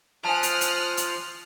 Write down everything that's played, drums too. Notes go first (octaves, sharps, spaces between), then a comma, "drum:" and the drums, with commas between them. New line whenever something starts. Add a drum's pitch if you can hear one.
F3 G#5 A5 D#6 F6 F#6
drum: hi-hat
drum: hi-hat
drum: hi-hat